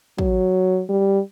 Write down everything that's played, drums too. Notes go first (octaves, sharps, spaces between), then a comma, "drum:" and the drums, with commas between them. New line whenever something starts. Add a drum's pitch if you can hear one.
F#3, drum: kick
G3